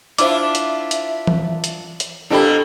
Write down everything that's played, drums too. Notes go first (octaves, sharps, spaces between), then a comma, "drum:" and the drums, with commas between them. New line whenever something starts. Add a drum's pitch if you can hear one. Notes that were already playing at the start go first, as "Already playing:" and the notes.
D4 E4 F4 C5 E5 D6, drum: hi-hat
drum: hi-hat
drum: hi-hat
drum: tom E3
drum: hi-hat
drum: hi-hat
B2 A#3 C4 D4 G4 A4 B5